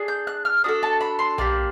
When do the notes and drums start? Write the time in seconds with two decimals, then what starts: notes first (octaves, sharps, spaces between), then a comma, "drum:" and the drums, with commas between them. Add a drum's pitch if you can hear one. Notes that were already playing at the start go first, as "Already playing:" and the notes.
Already playing: D4 G#4
0.08 G6
0.27 F#6
0.45 F6
0.64 D4 F#4 A4 D#6
0.83 A5
1.01 B5
1.19 C6
1.38 A#3 D4 G4, drum: tom B1